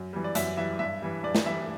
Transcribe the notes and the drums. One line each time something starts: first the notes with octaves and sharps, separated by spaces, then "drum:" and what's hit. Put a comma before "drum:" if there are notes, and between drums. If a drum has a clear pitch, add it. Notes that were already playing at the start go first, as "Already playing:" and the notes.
Already playing: F#2
E3 G3
D5
F#2 E5, drum: hi-hat
E3 G3 E5
G2 E5
E3 G3
G2 D5
drum: snare
E3 G3 E5